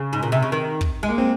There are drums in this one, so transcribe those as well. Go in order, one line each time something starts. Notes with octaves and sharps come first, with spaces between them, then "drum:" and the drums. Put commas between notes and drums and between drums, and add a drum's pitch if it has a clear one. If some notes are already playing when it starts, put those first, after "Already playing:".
Already playing: C#3
G#2
A#2
C3
C#3
D#3
drum: kick
G#3
A#3
C4